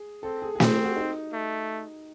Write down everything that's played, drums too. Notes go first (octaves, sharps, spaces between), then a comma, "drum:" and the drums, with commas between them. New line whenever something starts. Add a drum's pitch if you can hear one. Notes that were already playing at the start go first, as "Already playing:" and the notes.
Already playing: G#4
C4 A4
G#4
G#4
C4 G4, drum: snare
G4
F#4
D#4
A3